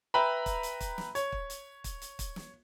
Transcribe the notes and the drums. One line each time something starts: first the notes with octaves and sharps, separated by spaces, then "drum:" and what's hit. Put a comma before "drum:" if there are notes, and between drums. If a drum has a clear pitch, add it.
B4 E5 G5 A#5 B5
drum: kick, hi-hat
drum: hi-hat
drum: kick, hi-hat
drum: snare
C#5, drum: hi-hat
drum: kick
drum: hi-hat
drum: kick, hi-hat
drum: hi-hat
drum: kick, hi-hat
drum: snare